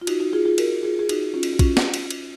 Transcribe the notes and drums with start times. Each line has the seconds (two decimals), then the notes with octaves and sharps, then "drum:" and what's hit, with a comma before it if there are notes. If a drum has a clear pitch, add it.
0.02 F4
0.07 D#4 F#4, drum: cymbal
0.20 D#4 F#4
0.33 F4 G#4
0.45 F4 G#4
0.58 F#4 A#4, drum: cymbal
0.83 F4 G#4
0.99 G#4
1.09 D#4 F#4, drum: cymbal
1.34 C#4 F4
1.43 drum: cymbal
1.53 F#4
1.59 C#4 F4, drum: kick A#1, cymbal
1.77 drum: snare
1.94 drum: cymbal
2.11 drum: cymbal